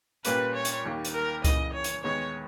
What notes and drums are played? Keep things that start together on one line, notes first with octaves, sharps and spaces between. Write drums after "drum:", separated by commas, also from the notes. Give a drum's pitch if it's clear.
A#2 G3 A#3 C#4 B4, drum: hi-hat
C#5
drum: hi-hat
D#2 D#3 G3 A#3
drum: hi-hat
A#4
C#3 E3 A#3 D#5, drum: kick C#2, hi-hat
C#5
drum: hi-hat
D#2 D#3 G#3 B3 C#5